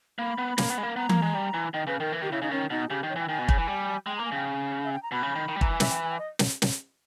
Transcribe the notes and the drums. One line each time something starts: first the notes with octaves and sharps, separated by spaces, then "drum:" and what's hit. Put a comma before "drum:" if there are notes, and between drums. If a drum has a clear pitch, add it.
A#3 B5
B3
A#3, drum: snare
B3
G#3
A#3
B3 A#5
A#3, drum: tom E3
G#3
G3
E3
D#3 D#5
C#3 B4
D#3 A#4
E3
D#3 G4
C#3 E4
C#3 D#4
D#3 C#4
B2 D#4
C#3 G4
D#3
C#5
E3 G5
D#3 G#5
B2
C#3, drum: kick
E3
G3
G#3 G5
A#3 A#5
G#5
C#3 G5
E5
G5
A#5
B2 B5
C#3
D#3
D#3
G3
E3 A#5, drum: kick
G#5
E5, drum: snare
G5
G#5
G5
D#5
drum: snare
drum: snare